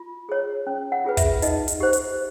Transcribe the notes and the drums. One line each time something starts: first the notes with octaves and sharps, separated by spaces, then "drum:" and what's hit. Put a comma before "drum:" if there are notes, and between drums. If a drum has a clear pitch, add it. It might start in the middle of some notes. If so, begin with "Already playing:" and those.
Already playing: F4
G#4 C#5
C#4
F#5
F4 G#4 B4
E5, drum: kick, hi-hat
D#4 D#5, drum: hi-hat
drum: hi-hat
G4 C5
drum: hi-hat